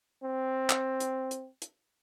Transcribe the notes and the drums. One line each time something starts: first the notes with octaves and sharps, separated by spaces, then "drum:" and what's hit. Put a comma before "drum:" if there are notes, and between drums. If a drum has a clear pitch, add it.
C4
drum: clap
drum: hi-hat
drum: hi-hat
drum: hi-hat